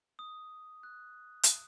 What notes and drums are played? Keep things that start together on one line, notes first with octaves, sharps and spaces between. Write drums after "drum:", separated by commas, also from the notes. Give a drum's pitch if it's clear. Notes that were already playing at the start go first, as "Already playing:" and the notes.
D#6
F#6
drum: hi-hat